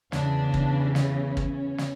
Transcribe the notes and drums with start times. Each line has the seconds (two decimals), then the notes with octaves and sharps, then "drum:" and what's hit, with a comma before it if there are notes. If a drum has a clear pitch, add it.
0.12 E2 C#3 E3 D4, drum: snare
0.54 drum: kick
0.95 C#4, drum: snare
1.37 drum: kick
1.78 drum: snare